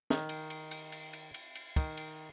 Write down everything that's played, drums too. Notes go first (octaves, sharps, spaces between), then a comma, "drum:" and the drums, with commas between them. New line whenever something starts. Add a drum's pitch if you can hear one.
D#3, drum: snare
drum: cymbal
drum: cymbal
drum: cymbal
drum: cymbal
drum: cymbal
drum: cymbal
drum: cymbal
D#3, drum: kick, cymbal
drum: cymbal